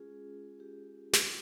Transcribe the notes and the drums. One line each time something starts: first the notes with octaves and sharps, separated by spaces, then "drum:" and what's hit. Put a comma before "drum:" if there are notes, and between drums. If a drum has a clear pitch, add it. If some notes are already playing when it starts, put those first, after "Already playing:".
Already playing: G#3 C#4 F4 G#4
G4
drum: snare